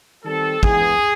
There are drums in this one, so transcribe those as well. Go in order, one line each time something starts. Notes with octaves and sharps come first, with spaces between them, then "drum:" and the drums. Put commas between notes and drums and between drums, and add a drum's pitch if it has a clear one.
D#3 G3 C4 A4
E3 G#3 B3 G#4, drum: kick